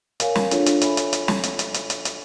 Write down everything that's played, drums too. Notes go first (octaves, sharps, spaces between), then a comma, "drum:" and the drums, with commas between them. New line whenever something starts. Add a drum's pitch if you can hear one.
A#4 C#5 F5 G#5, drum: hi-hat
drum: snare
D4 F4 A4 C#5 F5, drum: hi-hat
drum: hi-hat
A4 C#5 E5 G#5 B5, drum: hi-hat
drum: hi-hat
drum: hi-hat
drum: snare
drum: hi-hat
drum: hi-hat
drum: hi-hat
drum: hi-hat
drum: hi-hat